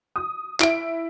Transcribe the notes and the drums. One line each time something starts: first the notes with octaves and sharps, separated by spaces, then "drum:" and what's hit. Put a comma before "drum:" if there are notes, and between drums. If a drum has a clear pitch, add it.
D#6
E4 D7, drum: clap